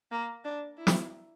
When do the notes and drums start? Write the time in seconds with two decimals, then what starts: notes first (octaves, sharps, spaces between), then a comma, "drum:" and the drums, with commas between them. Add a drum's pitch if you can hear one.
0.11 A#3
0.44 D4
0.78 E4
0.87 drum: snare